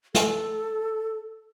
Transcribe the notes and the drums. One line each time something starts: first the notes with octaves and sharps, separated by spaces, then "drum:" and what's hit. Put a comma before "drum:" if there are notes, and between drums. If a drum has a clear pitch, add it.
A4, drum: snare